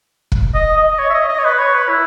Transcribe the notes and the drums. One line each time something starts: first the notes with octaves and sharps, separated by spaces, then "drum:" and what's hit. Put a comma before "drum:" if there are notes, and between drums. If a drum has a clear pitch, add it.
drum: kick
D#5
D#5
C#5
E5
D#5
D#5
C#5
B4
C#5
B4
E4